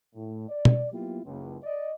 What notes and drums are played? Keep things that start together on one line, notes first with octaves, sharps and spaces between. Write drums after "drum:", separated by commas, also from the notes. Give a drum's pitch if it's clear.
A2
D5
drum: tom
F#3 A#3 B3 E4 F4 G4
F#1 C#2
D5 D#5